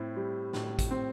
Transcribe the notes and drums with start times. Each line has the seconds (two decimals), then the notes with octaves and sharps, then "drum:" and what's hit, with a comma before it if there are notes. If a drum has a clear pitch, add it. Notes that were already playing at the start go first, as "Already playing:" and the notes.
Already playing: A2 C4 E4
0.16 G3
0.53 A2, drum: snare
0.79 drum: kick, hi-hat
0.91 C4